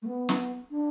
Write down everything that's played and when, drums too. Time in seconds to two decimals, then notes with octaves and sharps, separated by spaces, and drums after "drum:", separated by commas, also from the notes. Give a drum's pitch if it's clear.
0.02 A3
0.07 B3
0.29 drum: snare
0.71 D4